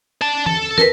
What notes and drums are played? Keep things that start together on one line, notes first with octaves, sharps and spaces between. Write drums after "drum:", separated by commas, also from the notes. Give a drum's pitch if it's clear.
D5 A5
A4, drum: tom E3
A#4 B4, drum: snare